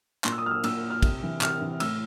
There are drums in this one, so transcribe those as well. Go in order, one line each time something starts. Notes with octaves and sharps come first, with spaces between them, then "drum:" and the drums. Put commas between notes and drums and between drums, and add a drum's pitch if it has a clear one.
A#2 C6, drum: clap
E6
D#6
F6
E6
A#2 E6, drum: cymbal
F6
C3, drum: kick, cymbal
E3
C3 F6, drum: clap
E3
A2 E6, drum: cymbal